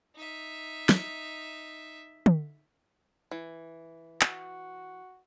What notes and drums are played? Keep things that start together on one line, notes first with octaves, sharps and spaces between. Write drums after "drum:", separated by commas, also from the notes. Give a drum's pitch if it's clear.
D#4 E5
drum: snare
drum: tom
E3
F#4, drum: clap